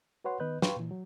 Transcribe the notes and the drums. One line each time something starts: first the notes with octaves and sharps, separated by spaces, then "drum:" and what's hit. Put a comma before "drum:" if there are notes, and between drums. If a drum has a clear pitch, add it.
F#4 B4 C#5 F#5 C6
D#3 B3 B4 D#5 F#6 G6
B4 F5 G5 C6 C#6, drum: snare
A#2 E3
F#3